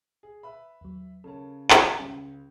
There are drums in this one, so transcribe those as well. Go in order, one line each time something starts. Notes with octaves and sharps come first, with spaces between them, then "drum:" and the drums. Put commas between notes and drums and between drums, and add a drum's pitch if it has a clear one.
G#4
B4 E5 B5
D#2 F#3
C#3 C#4 A4 A#4 A5
drum: clap
C#2 C#4 G4